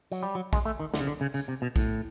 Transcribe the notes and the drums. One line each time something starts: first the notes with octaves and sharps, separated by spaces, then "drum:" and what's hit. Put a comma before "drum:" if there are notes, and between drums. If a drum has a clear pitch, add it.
F#3, drum: tambourine
G3
F#3
G#3, drum: kick, tambourine
A3
D#3
D3, drum: snare
C#3
D3
C#3
C#3, drum: tambourine
C3
B2
A2, drum: kick, tambourine